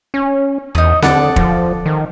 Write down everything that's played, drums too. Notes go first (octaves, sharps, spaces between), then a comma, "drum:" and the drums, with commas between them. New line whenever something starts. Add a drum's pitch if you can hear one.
C#4
E2 D#4 D#6
D3 A4 D5 F#5, drum: snare C4
F3, drum: kick
D#3